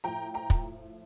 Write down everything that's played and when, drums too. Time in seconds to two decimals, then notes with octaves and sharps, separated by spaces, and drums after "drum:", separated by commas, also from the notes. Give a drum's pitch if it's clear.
0.04 A2 F3 G5 A#5
0.34 G5 A#5
0.50 drum: kick